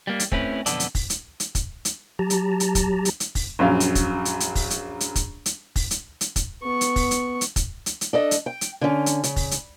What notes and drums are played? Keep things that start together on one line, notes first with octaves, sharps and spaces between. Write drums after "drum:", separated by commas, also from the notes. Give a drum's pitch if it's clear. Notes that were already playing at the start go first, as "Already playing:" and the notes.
G3 A#3
drum: hi-hat
A3 C4 C#4 E4 B4, drum: kick
B1 F2 D3 B3 A4 D5, drum: hi-hat
drum: hi-hat
drum: kick, open hi-hat
drum: hi-hat
drum: hi-hat
drum: kick, hi-hat
drum: hi-hat
F#3 G4 A5 A#5
drum: hi-hat
drum: hi-hat
drum: kick, hi-hat
drum: hi-hat
drum: hi-hat
drum: kick, open hi-hat
A#1 F#2 F5
drum: hi-hat
drum: kick, hi-hat
drum: hi-hat
drum: hi-hat
drum: kick, open hi-hat
drum: hi-hat
drum: hi-hat
drum: kick, hi-hat
drum: hi-hat
drum: kick, open hi-hat
drum: hi-hat
drum: hi-hat
drum: kick, hi-hat
B3 C#6
drum: hi-hat
drum: kick, open hi-hat
drum: hi-hat
drum: hi-hat
drum: kick, hi-hat
drum: hi-hat
drum: hi-hat
D4 A4 D#5
drum: hi-hat
G5
drum: hi-hat
D3 C#4
drum: hi-hat
C#3, drum: hi-hat
drum: kick, open hi-hat
drum: hi-hat